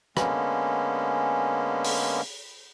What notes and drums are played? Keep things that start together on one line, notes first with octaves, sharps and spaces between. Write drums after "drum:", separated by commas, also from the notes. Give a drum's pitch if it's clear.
D3 G#3 A#3 B3 C#4, drum: rim click
drum: open hi-hat